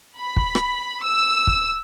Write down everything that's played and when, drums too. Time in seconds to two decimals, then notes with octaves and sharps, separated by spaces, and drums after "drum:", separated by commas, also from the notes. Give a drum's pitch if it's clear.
0.18 B5
0.36 drum: kick
0.55 drum: rim click
1.02 E6
1.47 drum: kick